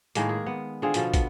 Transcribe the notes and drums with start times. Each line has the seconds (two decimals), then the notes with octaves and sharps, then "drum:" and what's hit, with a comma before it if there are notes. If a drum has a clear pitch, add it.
0.15 A2 D#3 G#3 A#3, drum: hi-hat
0.29 G#4
0.46 B3
0.82 D3 C4 F4 G#4
0.94 B2 F3 F4 A4, drum: hi-hat
1.14 B3, drum: kick, hi-hat